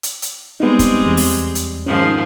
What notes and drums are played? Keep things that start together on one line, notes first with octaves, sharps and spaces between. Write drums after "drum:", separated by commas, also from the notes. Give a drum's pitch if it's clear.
drum: hi-hat
drum: hi-hat
G3 G#3 B3 C4 D#4
drum: kick, hi-hat
E2
drum: open hi-hat
drum: hi-hat
G#2 D#3 F3 C#4